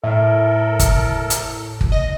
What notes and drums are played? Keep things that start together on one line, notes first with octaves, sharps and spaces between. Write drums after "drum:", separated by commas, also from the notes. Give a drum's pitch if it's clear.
A2 A4 A#4 E5
drum: kick, hi-hat
drum: hi-hat
drum: kick
D#5 A#6